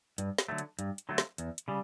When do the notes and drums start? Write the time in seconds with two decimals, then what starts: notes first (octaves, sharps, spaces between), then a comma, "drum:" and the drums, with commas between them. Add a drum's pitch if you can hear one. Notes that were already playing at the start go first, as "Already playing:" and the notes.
0.18 G2, drum: hi-hat
0.38 drum: snare
0.48 D3 F#3 A3
0.58 drum: hi-hat
0.79 G2, drum: hi-hat
0.98 drum: hi-hat
1.09 D3 F#3 A3
1.18 drum: snare
1.38 E2, drum: hi-hat
1.58 drum: hi-hat
1.68 C#3 G3